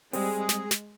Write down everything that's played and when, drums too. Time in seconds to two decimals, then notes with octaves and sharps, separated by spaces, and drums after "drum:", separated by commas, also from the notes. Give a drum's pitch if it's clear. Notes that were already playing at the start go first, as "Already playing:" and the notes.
0.13 G3 G#3 C4 G#4, drum: open hi-hat
0.49 drum: snare
0.71 drum: snare